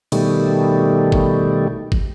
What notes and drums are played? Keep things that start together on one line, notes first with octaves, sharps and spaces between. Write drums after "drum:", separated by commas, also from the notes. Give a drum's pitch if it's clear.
B2 D#3 G3 A3, drum: cymbal
drum: kick
drum: kick